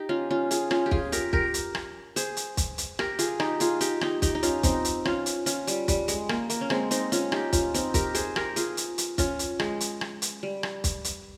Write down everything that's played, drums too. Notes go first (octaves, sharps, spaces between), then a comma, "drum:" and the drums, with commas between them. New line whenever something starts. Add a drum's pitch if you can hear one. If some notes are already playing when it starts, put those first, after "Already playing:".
Already playing: D#4 G4
C#4 F4
C#4 F4
F4 G#4, drum: hi-hat
C#4 F4, drum: rim click
G4
F4 G#4, drum: kick
G4 A#4, drum: hi-hat
G4 A#4, drum: kick
drum: hi-hat
drum: rim click
G#4 C5, drum: hi-hat
drum: hi-hat
drum: kick, hi-hat
drum: hi-hat
G4 A#4, drum: rim click
F4 G#4, drum: hi-hat
D#4 G4, drum: rim click
F4 G#4, drum: hi-hat
D#4 G4, drum: hi-hat
D#4 G4, drum: rim click
D#4 G4, drum: kick, hi-hat
D#4
C#4 F4, drum: hi-hat
C4 D#4, drum: kick, hi-hat
drum: hi-hat
C#4 F4, drum: rim click
drum: hi-hat
C#4 F4, drum: hi-hat
G3, drum: hi-hat
G3, drum: kick, hi-hat
G#3, drum: hi-hat
A#3, drum: rim click
A#3, drum: hi-hat
C#4
G#3 C4, drum: rim click
C4 D#4, drum: hi-hat
C#4 F4, drum: hi-hat
D#4 G4, drum: rim click
C#4 F4, drum: kick, hi-hat
C4 D#4, drum: hi-hat
G4 A#4, drum: kick, hi-hat
G#4 C5, drum: hi-hat
G4 A#4, drum: rim click
F4 G#4, drum: hi-hat
drum: hi-hat
drum: hi-hat
C#4 F4, drum: kick, hi-hat
drum: hi-hat
G#3, drum: rim click
drum: hi-hat
drum: rim click
drum: hi-hat
G3
drum: rim click
drum: kick, hi-hat
drum: hi-hat